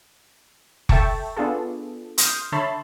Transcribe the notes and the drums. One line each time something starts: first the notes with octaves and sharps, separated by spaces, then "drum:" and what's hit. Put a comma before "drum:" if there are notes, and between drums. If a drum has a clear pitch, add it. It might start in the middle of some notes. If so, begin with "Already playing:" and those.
A4 E5 G5 A5 C#6, drum: kick F1
B3 D4 F4 G#4 A4
C6 D#6 F6 G6, drum: hi-hat
D3 C#5 E5 A5 B5 C6